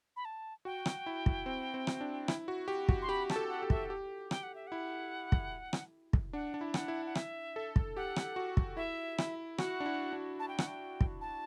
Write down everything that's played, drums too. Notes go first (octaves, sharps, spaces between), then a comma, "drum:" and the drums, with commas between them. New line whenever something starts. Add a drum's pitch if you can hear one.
B5
A5
F#4 G5
drum: rim click
E4
drum: kick
C4
C4
drum: rim click
D4
E4, drum: rim click
F#4
G4
F#4, drum: kick
C6
G4 B5
A5, drum: rim click
A4
F#5
G4
E5, drum: kick
G4
G5, drum: rim click
F#5
E5
E4 F#5
drum: kick
drum: rim click
drum: kick
D4 F#5
D4
E4
F#5, drum: rim click
E4
F#5
E5, drum: rim click
A4
drum: kick
G4 F#5
drum: rim click
F#4
drum: kick
E4 E5
E4, drum: rim click
F#4 F#5, drum: rim click
D4
E4
D4
A5
G5
F#5, drum: rim click
G5
drum: kick
A5